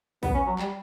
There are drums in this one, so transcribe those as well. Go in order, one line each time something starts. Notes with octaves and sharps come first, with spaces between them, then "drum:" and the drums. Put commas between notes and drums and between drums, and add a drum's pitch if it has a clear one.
B3, drum: kick A1, open hi-hat
C#4
F#3
G3, drum: clap